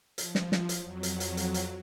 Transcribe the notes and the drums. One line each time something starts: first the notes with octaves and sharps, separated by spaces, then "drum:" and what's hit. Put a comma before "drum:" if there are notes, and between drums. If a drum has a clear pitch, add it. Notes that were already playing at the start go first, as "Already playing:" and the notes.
F3, drum: hi-hat
drum: snare
drum: snare
drum: hi-hat
F2 F#3
drum: hi-hat
drum: hi-hat
drum: hi-hat
drum: hi-hat